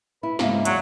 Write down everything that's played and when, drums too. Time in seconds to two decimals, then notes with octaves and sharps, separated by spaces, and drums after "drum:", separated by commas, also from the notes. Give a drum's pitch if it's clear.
0.23 E4 B4
0.39 G#2 C#3 A#3 E5, drum: snare
0.65 E2 F#3, drum: hi-hat